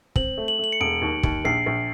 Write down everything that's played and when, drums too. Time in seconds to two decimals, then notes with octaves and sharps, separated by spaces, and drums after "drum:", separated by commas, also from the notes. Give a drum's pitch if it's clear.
0.16 C4 F#7, drum: kick
0.37 A3
0.48 F#7
0.59 A3
0.64 F#7
0.72 C#7
0.80 E1 D7
1.01 D#2
1.23 D#2, drum: kick
1.45 A#1 C7
1.66 A#1